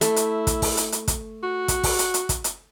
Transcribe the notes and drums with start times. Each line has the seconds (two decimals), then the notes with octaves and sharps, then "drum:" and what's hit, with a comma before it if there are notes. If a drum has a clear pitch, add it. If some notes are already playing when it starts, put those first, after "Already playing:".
0.01 A3 E4, drum: hi-hat
0.16 drum: hi-hat
0.47 drum: kick, hi-hat
0.62 drum: kick, open hi-hat
0.77 drum: hi-hat
0.92 drum: hi-hat
1.08 drum: kick, hi-hat
1.43 F#4
1.68 drum: kick, hi-hat
1.83 drum: kick, open hi-hat
1.99 drum: hi-hat
2.14 drum: hi-hat
2.29 drum: kick, hi-hat
2.44 drum: hi-hat